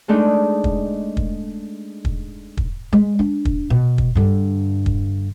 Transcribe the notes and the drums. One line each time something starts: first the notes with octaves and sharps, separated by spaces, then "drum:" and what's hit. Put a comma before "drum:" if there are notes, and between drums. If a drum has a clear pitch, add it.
G#3 A3 D4 D#4
drum: kick
drum: kick
drum: kick
drum: kick
G#3
D4
drum: kick
B2
drum: kick
G2 D3
drum: kick